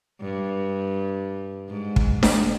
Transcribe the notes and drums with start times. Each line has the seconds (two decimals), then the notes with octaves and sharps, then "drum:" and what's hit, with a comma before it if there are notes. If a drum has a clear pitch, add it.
0.21 G2
1.69 G#2
1.96 drum: kick
2.23 drum: snare D4